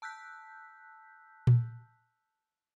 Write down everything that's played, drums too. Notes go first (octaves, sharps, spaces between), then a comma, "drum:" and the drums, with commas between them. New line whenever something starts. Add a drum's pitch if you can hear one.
A5 E6 F#6 G6 B6
drum: tom A#2